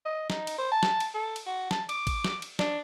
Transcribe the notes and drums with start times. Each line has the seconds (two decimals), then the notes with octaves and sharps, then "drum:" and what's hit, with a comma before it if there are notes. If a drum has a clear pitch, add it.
0.05 D#5
0.30 D#4, drum: snare
0.47 drum: cymbal
0.58 C5
0.72 A5
0.83 drum: snare
1.00 drum: cymbal
1.14 A4
1.36 drum: cymbal
1.46 F#4
1.71 A5, drum: snare
1.89 D6, drum: cymbal
2.07 drum: kick A1, cymbal
2.24 drum: snare
2.42 drum: cymbal
2.59 D4, drum: snare